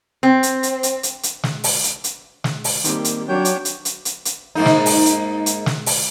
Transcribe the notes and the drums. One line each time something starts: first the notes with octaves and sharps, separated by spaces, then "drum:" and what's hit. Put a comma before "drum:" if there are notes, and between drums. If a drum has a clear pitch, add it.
C4
drum: hi-hat
drum: hi-hat
drum: hi-hat
drum: hi-hat
drum: hi-hat
drum: snare
drum: open hi-hat
drum: hi-hat
drum: hi-hat
drum: snare
drum: open hi-hat
D#3 G3 A#3 C4, drum: hi-hat
drum: hi-hat
F#3 D4 C#5 G5
drum: hi-hat
drum: hi-hat
drum: hi-hat
drum: hi-hat
drum: hi-hat
G#2 A#3 D#4
drum: snare
drum: open hi-hat
drum: hi-hat
drum: hi-hat
drum: snare
drum: open hi-hat